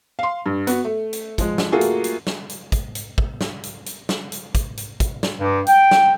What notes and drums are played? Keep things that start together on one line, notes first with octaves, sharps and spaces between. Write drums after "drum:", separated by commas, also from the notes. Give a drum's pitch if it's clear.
F5 C6
G2
B3 F#4, drum: hi-hat
A3
drum: hi-hat
F3 G#3, drum: kick, hi-hat
drum: snare
A3 A#3 F4 F#4 G#4 A4
drum: hi-hat
drum: hi-hat
drum: snare
drum: hi-hat
drum: kick, hi-hat
drum: hi-hat
drum: kick
drum: snare
drum: hi-hat
drum: hi-hat
drum: snare
drum: hi-hat
drum: kick, hi-hat
drum: hi-hat
drum: kick, hi-hat
drum: snare
G2
G5, drum: hi-hat
drum: snare